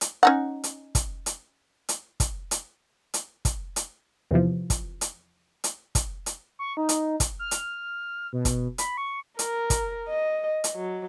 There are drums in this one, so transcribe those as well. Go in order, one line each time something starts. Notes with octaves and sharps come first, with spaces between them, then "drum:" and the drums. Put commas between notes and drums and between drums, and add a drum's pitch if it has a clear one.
drum: hi-hat
C#4 D#4 F#5
drum: hi-hat
drum: kick, hi-hat
drum: hi-hat
drum: hi-hat
drum: kick, hi-hat
drum: hi-hat
drum: hi-hat
drum: kick, hi-hat
drum: hi-hat
E2 C3 E3 F3
drum: kick, hi-hat
drum: hi-hat
drum: hi-hat
drum: kick, hi-hat
drum: hi-hat
C#6
D#4
drum: hi-hat
drum: kick, hi-hat
F6
drum: hi-hat
B2
drum: kick, hi-hat
B5, drum: hi-hat
C#6
A#4, drum: hi-hat
drum: kick, hi-hat
D#5
drum: hi-hat
F#3